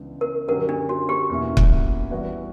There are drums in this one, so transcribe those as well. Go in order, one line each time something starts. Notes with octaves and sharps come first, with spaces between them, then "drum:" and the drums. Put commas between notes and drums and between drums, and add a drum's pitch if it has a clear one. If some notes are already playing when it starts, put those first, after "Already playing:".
Already playing: C#2 C#3 E3 B3 D4
A#4
F#2 D3 F#3 C#4 G4 A#4
D4
F#4
G4
E2 B2 A#3 C#4 E4
drum: kick
E3 G3 B3 F#4